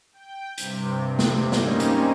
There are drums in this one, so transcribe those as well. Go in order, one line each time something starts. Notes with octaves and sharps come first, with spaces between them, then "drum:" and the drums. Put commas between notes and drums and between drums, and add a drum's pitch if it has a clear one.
G5
G2 C3, drum: hi-hat
drum: snare
G3 A#3 C4 C#4 D#4, drum: snare
drum: hi-hat